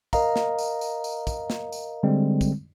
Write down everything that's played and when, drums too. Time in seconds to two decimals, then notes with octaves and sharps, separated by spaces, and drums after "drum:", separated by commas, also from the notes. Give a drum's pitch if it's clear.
0.13 A#4 D#5 F5 A#5, drum: kick, tambourine
0.36 drum: snare
0.58 drum: tambourine
0.81 drum: tambourine
1.04 drum: tambourine
1.27 drum: kick, tambourine
1.50 drum: snare
1.72 drum: tambourine
2.03 D3 G3 G#3 C4
2.41 drum: kick, tambourine